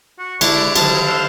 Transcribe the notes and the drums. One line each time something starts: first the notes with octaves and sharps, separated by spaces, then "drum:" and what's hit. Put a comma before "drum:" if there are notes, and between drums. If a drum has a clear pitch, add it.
F#4
D3 G#3 D4 E4 D5, drum: cymbal
G2 D3 D#3 F3 F#3 A5, drum: cymbal
D4 A4 C5 F5